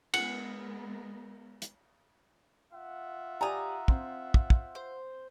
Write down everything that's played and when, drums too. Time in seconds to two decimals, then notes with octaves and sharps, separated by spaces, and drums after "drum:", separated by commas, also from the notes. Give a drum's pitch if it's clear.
0.14 G#3 B3 A#4 F#5, drum: cymbal
1.62 drum: hi-hat
2.73 F4 E5 F#5
3.41 G4 D5 G#5 A#5 D#6
3.88 C4, drum: kick
4.34 drum: kick
4.50 drum: kick
4.75 C5